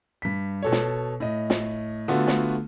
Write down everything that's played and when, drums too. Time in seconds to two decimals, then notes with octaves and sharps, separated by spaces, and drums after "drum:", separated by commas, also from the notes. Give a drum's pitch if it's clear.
0.22 G2 B6
0.63 B2 A4 C#5
0.72 drum: snare
1.20 A2 D#5
1.50 drum: snare
2.08 D3 A3 B3 F4 F#4 A4
2.28 drum: snare